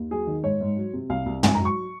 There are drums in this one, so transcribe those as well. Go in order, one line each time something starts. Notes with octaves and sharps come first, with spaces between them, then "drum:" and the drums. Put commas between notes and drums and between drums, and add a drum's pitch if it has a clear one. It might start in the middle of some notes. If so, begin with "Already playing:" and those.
Already playing: D#2
F#3 G#4
D#3
G#2 C#5
G#2
F#3
C3
C2 F5
C2
G#2 G#5, drum: tom
A#5
F#3
C#6